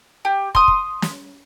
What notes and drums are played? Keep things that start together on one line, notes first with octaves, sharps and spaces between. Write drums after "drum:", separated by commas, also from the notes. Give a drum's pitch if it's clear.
G4
C6 D#6, drum: kick
drum: kick
drum: snare